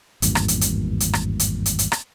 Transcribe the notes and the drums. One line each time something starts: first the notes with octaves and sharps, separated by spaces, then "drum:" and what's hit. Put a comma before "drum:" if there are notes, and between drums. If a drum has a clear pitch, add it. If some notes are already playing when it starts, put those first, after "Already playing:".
G#1 E2 G2 A#2, drum: hi-hat
drum: rim click
drum: hi-hat
drum: hi-hat
drum: hi-hat
drum: rim click
drum: hi-hat
drum: hi-hat
drum: hi-hat
drum: rim click